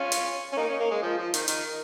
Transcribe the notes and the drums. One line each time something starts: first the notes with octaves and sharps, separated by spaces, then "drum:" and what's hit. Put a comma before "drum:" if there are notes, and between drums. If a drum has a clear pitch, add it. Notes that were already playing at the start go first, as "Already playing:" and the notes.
Already playing: C#4 F4
drum: hi-hat
C#4
A#3 D#4
C#4
A#3
G#3
F3
F3
D#3, drum: hi-hat
D#3, drum: hi-hat